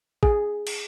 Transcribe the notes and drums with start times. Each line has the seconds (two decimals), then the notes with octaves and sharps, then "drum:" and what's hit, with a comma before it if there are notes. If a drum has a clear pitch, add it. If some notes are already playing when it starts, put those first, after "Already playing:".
0.23 G#4, drum: kick
0.67 drum: cymbal